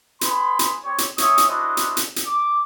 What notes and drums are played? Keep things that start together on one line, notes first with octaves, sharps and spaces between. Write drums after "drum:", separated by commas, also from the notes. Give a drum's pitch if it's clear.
G#4 B4 B5 C6, drum: hi-hat
drum: hi-hat
C4 G4 C#5
drum: hi-hat
G#3 C#5 E5 D#6, drum: hi-hat
drum: hi-hat
D4 E4 F#4 C5 D#5
drum: hi-hat
drum: hi-hat
drum: hi-hat
D6